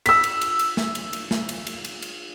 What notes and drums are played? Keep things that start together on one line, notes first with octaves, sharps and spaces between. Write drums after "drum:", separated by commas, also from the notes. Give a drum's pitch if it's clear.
E6 B6, drum: cymbal
drum: cymbal
drum: cymbal
drum: cymbal
drum: snare
drum: cymbal
drum: cymbal
drum: snare
drum: cymbal
drum: cymbal
drum: cymbal
drum: cymbal